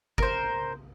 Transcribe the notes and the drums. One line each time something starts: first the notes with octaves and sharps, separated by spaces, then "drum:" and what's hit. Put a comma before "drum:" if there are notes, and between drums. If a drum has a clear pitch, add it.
A#4 C5, drum: kick G1